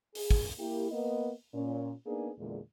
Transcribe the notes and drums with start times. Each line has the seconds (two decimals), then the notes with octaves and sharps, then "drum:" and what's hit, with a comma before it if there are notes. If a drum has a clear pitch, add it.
0.15 G#4, drum: open hi-hat
0.31 drum: kick
0.58 A#3 E4 G4
0.91 A#3 B3 D#5
1.54 A#2 C#4
2.06 A#3 B3 D4 D#4 G#4
2.38 E2 A#2 D3 G#3